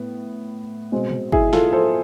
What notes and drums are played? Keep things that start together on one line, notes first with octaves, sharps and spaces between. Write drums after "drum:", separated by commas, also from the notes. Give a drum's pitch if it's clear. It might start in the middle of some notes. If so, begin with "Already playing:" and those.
Already playing: A2 B3
B2 G#3 C4
drum: tom B2
E4 G#4, drum: kick G1
F4 A4, drum: snare
A4 C5